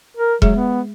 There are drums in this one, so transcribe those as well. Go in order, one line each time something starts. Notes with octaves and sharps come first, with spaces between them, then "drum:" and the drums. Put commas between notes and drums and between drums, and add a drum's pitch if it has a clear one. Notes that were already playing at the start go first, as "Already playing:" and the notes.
A#4
F#3 G#3 G#4 E5, drum: kick E1
B3